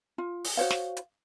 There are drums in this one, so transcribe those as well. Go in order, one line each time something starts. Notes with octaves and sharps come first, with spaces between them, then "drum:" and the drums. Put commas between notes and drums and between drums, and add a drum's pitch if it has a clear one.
F4
drum: open hi-hat
F#4 C5 C#5 F5
drum: snare
drum: hi-hat